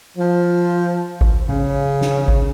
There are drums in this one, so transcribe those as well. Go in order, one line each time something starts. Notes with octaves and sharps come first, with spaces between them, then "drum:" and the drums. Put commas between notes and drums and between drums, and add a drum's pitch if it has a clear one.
F3
drum: kick G#1
C#3, drum: tom A2
drum: snare
drum: kick G#1